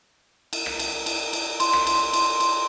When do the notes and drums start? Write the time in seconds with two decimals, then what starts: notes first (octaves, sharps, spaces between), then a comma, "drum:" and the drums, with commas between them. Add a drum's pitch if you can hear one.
0.53 drum: cymbal
0.66 drum: rim click
0.79 drum: cymbal
1.06 drum: cymbal
1.33 drum: cymbal
1.60 C6, drum: cymbal
1.73 drum: rim click
1.87 drum: cymbal
2.13 drum: cymbal
2.40 drum: cymbal